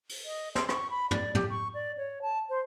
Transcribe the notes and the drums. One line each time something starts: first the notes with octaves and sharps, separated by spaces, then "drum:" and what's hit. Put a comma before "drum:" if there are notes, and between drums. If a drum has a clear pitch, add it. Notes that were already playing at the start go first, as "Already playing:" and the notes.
drum: open hi-hat
D#5
C6, drum: snare
C#6, drum: rim click
B5
D5, drum: tom
G4, drum: tom
C#6
D5
C#5
A5
C5